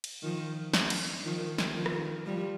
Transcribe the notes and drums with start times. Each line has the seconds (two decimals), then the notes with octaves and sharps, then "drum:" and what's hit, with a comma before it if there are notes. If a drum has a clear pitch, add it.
0.04 drum: cymbal
0.23 D#3 F3
0.74 drum: snare
0.90 drum: cymbal
1.25 D#3 F3
1.58 drum: snare
1.75 D#3 F3
1.86 drum: rim click
2.26 F3 G3